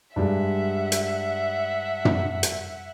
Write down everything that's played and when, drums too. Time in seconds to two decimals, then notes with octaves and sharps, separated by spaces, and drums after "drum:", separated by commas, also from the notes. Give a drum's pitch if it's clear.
0.16 G2 G3 G#3 E5 F#5
0.92 drum: hi-hat
2.05 drum: tom
2.43 drum: hi-hat